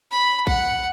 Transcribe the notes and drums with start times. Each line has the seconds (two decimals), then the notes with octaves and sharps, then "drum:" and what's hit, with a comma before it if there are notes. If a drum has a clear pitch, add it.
0.11 B5
0.47 F#5, drum: kick A#1